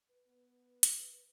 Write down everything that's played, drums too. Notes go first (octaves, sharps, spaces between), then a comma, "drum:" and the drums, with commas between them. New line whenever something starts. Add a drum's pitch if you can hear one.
B4
B3
drum: hi-hat
B4
B4